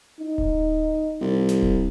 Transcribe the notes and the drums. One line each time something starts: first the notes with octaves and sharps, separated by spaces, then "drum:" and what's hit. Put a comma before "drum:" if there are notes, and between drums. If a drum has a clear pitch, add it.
D#4
drum: kick D1
C2
drum: snare
drum: kick D1